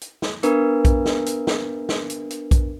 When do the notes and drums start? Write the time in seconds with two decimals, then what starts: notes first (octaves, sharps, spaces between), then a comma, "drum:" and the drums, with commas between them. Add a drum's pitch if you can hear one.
0.01 drum: hi-hat
0.22 drum: snare
0.43 B3 D4 A#4 B4, drum: hi-hat
0.85 drum: kick A#1, hi-hat
1.06 drum: snare
1.26 drum: hi-hat
1.47 drum: snare
1.89 drum: snare
2.10 drum: hi-hat
2.30 drum: hi-hat
2.51 drum: kick A#1, hi-hat